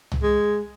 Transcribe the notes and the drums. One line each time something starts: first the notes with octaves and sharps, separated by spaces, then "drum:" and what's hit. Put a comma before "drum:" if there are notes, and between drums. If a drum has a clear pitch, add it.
drum: tom
G#3